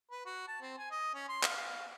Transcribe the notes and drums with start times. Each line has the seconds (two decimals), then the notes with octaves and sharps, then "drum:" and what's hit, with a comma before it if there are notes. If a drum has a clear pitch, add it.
0.11 B4
0.26 F#4
0.47 A5
0.61 C4
0.78 G#5
0.91 D#5
1.14 C#4
1.28 C6
1.43 F5, drum: clap